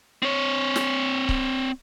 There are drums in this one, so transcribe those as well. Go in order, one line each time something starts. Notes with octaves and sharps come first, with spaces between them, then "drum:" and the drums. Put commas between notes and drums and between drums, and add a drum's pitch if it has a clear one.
C4 C#5
drum: snare
drum: kick C#1